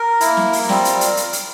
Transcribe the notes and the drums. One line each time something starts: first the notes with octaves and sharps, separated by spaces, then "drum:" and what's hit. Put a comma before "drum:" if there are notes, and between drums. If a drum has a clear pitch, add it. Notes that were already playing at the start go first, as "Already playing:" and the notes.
Already playing: A#4
A#3 E4, drum: hi-hat
drum: snare
drum: open hi-hat
G3 C4 F4, drum: snare
drum: hi-hat
drum: hi-hat
drum: hi-hat
drum: hi-hat